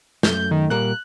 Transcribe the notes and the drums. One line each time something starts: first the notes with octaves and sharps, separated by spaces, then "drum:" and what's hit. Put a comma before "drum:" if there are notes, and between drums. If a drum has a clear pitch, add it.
F#2 A3 G6, drum: snare
D#3
A#2 G3 A#4 F#6